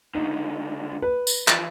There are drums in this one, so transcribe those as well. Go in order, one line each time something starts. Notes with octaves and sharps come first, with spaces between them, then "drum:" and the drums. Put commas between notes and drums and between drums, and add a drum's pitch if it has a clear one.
C#2 D3 D#4
B4
drum: tambourine
E3 F3, drum: clap